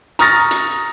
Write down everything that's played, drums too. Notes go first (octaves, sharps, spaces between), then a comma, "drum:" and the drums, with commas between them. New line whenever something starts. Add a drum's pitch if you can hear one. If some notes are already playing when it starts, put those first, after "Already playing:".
A#5 C#6 D#6 F6 A6 A#6, drum: hi-hat
drum: hi-hat